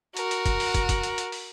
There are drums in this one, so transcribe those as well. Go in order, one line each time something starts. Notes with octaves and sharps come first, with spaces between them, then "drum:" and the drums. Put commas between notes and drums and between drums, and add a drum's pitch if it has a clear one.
F#4 A#4, drum: hi-hat
drum: hi-hat
drum: kick, hi-hat
drum: open hi-hat
drum: kick, hi-hat
drum: kick, hi-hat
drum: hi-hat
drum: hi-hat
drum: open hi-hat